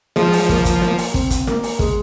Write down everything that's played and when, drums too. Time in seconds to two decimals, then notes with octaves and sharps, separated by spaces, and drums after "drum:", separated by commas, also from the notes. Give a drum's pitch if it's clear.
0.16 F3 G#3, drum: snare
0.32 drum: open hi-hat
0.49 A#3, drum: kick
0.65 drum: kick, hi-hat
0.82 A#3, drum: snare
0.98 drum: open hi-hat
1.14 C4, drum: kick
1.30 drum: kick, hi-hat
1.47 A#3, drum: snare
1.63 drum: open hi-hat
1.79 G#3, drum: kick